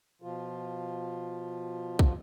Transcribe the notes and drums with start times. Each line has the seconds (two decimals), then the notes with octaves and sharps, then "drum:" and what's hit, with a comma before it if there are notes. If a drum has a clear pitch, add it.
0.22 B2 F3 F4
1.99 drum: kick